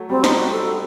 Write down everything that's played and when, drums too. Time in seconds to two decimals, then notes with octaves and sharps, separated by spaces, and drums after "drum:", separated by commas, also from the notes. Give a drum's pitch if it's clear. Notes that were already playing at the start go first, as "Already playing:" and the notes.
Already playing: F#3 A3
0.10 G3 C4
0.24 D#4, drum: snare
0.38 F#4
0.51 A4